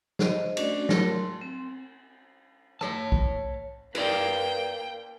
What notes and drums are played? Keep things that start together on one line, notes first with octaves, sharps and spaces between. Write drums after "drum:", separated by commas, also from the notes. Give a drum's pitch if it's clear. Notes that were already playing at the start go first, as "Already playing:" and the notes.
C5 D#5, drum: snare
A3 C#4 D4 F#4 D5, drum: cymbal
F#3 A3 E4 F#4 A#4 A5, drum: snare
C6
C4
C#5 A5, drum: rim click
drum: kick
A#3 B4 D5 G5, drum: cymbal